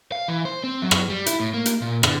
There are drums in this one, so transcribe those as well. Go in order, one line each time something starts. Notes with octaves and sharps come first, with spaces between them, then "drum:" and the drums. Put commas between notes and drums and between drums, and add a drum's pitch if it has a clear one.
F5
E3
C5
C4
F#3
drum: rim click
G3
E4, drum: hi-hat
A2
A#3
drum: hi-hat
A#2
D3, drum: rim click